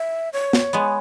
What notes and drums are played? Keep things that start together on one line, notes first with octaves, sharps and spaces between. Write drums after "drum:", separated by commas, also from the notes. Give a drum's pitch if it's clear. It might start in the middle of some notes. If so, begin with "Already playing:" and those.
Already playing: E5
C#5
drum: snare
G#3 B3